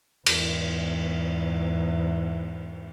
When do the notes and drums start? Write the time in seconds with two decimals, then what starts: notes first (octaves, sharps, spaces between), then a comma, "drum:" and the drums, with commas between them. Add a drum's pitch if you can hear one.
0.26 E2 G#2, drum: cymbal